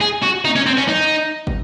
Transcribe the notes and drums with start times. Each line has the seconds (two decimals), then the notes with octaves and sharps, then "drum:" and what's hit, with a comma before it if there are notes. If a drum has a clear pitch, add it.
0.01 G#4
0.23 F#4
0.45 D#4, drum: tom
0.56 C#4
0.66 C4
0.77 C#4
0.88 D#4
1.47 drum: kick